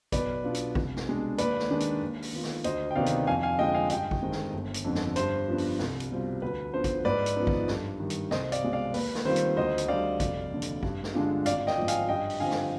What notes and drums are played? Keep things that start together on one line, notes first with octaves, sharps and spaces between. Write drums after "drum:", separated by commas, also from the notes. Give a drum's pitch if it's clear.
B1 B4 D5, drum: kick A1, hi-hat
B2 B3 D4 F4
drum: hi-hat
C2, drum: kick A1
drum: snare
B2 G#3 D4
D#2 B4 D5, drum: hi-hat
drum: snare
D#3 G#3 D4
drum: hi-hat
D#2
drum: open hi-hat
D#3 B3 F4
drum: snare
D2 C5 D#5, drum: hi-hat
G5
C3 D#3 B3 D#4 D5 F5
drum: hi-hat
F2 F5 G#5
F5 G#5
D3 F3 G#3 D#5 G5
F5 G#5
G2 D#5 G5, drum: hi-hat
drum: kick A1
D#3 G#3 C4
drum: snare
G1
drum: hi-hat
F2 D3
drum: snare
G2 C5, drum: hi-hat
F3 B3 D4
drum: open hi-hat
C2, drum: snare
drum: hi-hat
B2 G3 C4 F4
D2 B4
D3 F3 B3 C5
drum: kick A1, hi-hat
G#2 B4 D5
drum: hi-hat
F3 B3 D#4
drum: kick A1
G2, drum: snare
D#3 G3
drum: hi-hat
C2 C5 D#5, drum: snare
D5 F5, drum: hi-hat
B2 G#3
D5 F5
D#2 B4, drum: open hi-hat
drum: snare
D#3 G3 C4 F4 C5
drum: hi-hat
D2 C5 D#5
drum: hi-hat
D3 G3 D5 F5
F1, drum: kick A1, hi-hat
D#2 D3
drum: hi-hat
G2, drum: kick A1
drum: snare
D3 G#3 D4 F4
G#1 D5 F5, drum: hi-hat
D#5 G5, drum: snare
G#2 F3
F5 G#5, drum: hi-hat
G2 D#5 G5
drum: open hi-hat
D3 F3 C4 F5 G#5
drum: snare